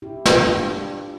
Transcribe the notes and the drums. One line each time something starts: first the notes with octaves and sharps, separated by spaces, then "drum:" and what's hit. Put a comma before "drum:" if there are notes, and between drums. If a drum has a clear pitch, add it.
E4 G4
G4, drum: snare
D4 F4